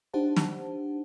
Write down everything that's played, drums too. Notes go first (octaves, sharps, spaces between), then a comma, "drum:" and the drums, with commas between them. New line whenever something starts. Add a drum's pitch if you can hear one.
D4 D#4 G4 C5 F#5 A5
drum: snare